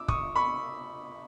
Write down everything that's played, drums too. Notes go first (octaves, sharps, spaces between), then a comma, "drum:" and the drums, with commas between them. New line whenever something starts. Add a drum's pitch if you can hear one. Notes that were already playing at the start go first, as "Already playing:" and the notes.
Already playing: D6 E6
C#6 D#6, drum: kick
B5 C#6